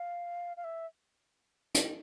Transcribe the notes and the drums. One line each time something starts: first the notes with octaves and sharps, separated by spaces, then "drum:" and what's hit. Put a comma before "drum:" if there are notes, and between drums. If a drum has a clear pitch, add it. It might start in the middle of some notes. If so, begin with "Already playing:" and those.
Already playing: F5
F5
E5
drum: hi-hat